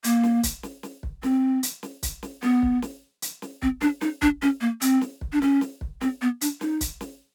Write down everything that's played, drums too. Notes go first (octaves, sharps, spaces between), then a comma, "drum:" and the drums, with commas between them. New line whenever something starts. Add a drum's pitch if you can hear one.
A#3, drum: hi-hat
drum: snare
drum: kick, hi-hat
drum: snare
drum: snare
drum: kick
C4, drum: snare
drum: hi-hat
drum: snare
drum: kick, hi-hat
drum: snare
B3, drum: snare
drum: kick
drum: snare
drum: hi-hat
drum: snare
C4, drum: kick
D4, drum: snare
D#4, drum: snare
D4, drum: kick
C#4, drum: snare
A#3
C4, drum: hi-hat
drum: snare
drum: kick
D4
C#4, drum: snare
drum: snare
drum: kick
C4, drum: snare
B3
D4, drum: hi-hat
D#4, drum: snare
drum: kick, hi-hat
drum: snare